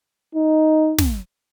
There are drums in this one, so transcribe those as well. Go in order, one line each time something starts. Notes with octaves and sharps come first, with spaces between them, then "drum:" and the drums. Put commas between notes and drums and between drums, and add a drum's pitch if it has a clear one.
D#4
drum: snare